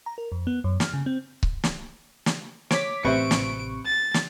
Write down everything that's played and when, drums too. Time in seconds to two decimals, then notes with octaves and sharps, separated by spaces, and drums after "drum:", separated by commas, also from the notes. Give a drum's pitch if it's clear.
0.06 A#5
0.18 A#4
0.32 F2
0.47 B3
0.64 F#2
0.80 F6, drum: snare
0.94 C#3
1.06 C4
1.43 drum: kick C#1
1.64 drum: snare
2.26 drum: snare
2.71 C#5 D6 B6, drum: snare
3.05 A1 C3 B4 C5 E5 C#6 D7
3.31 drum: snare
3.86 A6
4.14 drum: snare